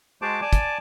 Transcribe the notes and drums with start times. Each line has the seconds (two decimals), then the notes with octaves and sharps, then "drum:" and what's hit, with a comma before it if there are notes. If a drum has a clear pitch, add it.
0.22 G#3 F#4 G#4 C5 A5 D6
0.42 D5 G#5 A5 D6
0.53 drum: kick, hi-hat